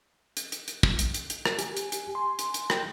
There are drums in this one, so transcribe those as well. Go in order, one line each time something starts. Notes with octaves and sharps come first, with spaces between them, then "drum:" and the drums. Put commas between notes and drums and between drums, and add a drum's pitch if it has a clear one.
drum: hi-hat
drum: hi-hat
drum: hi-hat
drum: kick
drum: hi-hat
drum: hi-hat
drum: hi-hat
drum: rim click
G4 G#5, drum: hi-hat
drum: hi-hat
drum: hi-hat
G#5 C6
drum: hi-hat
drum: hi-hat
G5, drum: rim click